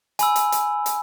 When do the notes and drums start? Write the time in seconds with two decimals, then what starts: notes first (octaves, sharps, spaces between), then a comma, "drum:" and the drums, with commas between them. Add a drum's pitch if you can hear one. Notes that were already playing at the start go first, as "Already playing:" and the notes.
0.19 G#5 B5 E6, drum: hi-hat
0.36 drum: hi-hat
0.52 drum: hi-hat
0.86 drum: hi-hat